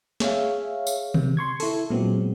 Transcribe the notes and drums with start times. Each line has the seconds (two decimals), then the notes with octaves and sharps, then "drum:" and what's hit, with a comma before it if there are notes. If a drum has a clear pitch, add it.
0.20 G#4 C#5 E5 F5, drum: snare
0.87 drum: tambourine
1.14 C3, drum: tom D3
1.37 C6 C#6 G#6
1.60 E4 A4, drum: open hi-hat
1.90 A#2 F#3 G#3 B3 C4